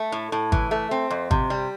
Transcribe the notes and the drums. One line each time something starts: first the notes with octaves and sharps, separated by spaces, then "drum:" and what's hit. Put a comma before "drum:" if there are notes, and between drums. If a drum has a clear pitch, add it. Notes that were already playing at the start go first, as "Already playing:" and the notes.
Already playing: A3
A2
A2
E3, drum: kick G#1
A3
C4
F2
C3, drum: kick G#1
G3